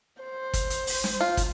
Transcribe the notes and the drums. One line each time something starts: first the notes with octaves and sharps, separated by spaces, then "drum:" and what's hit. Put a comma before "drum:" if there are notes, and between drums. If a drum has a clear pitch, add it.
C5
drum: kick, hi-hat
drum: hi-hat
drum: open hi-hat
drum: snare
F4
drum: kick, hi-hat